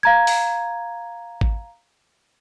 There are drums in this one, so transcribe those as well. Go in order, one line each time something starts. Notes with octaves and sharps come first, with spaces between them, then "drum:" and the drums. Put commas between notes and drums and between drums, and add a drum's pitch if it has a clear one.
F5 A#5 G#6
drum: open hi-hat
drum: kick G#1